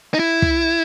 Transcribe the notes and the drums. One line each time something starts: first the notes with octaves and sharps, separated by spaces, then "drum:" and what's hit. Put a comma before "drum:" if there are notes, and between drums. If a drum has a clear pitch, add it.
D#4
E4
drum: kick